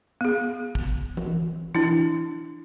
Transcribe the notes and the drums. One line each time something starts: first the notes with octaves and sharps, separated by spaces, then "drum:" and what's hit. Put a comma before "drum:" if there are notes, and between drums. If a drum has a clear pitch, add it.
B3 G#4
drum: kick
drum: tom E3
D4 E4, drum: tom E3